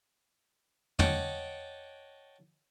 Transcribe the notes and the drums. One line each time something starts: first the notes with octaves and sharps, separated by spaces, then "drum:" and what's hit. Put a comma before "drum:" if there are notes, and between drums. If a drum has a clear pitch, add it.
C#5 D#5 F#5 G5 A5 D6, drum: tom